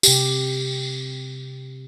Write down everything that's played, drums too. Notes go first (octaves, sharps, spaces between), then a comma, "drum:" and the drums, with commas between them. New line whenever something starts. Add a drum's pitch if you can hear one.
C3 G4, drum: tambourine